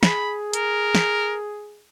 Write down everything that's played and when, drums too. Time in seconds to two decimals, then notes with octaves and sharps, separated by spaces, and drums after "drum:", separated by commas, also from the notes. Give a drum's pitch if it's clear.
0.03 G#4 B5, drum: snare
0.53 A#4, drum: hi-hat
0.95 drum: snare